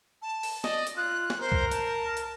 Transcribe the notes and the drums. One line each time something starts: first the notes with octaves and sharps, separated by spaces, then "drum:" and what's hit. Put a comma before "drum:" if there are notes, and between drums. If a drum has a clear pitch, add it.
A5
drum: open hi-hat
D5 D#5, drum: snare
drum: hi-hat
F4 F#6
drum: snare
A#4 C5
drum: kick C2
A5, drum: hi-hat
drum: hi-hat